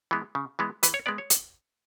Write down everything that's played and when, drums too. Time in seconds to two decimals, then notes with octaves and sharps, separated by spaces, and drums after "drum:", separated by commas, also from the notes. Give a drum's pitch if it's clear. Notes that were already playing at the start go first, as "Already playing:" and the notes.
0.11 E3 G#3 B3
0.35 C#3
0.59 E3 G#3 B3
0.83 E3 B4, drum: hi-hat
0.94 C#5
1.06 G#3 B3 D5
1.18 C#5
1.30 drum: hi-hat